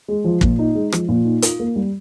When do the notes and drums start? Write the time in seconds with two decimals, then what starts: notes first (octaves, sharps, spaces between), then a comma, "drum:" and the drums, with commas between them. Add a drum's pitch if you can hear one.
0.08 G#3
0.24 F3
0.41 A#2, drum: kick
0.59 D#4
0.75 G#3
0.92 F3, drum: rim click
1.09 A#2
1.25 D#4
1.42 F4, drum: hi-hat
1.60 A#3
1.76 G3